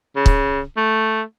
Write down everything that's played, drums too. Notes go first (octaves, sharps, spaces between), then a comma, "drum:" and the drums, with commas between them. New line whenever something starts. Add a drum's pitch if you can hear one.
C#3
drum: kick
A3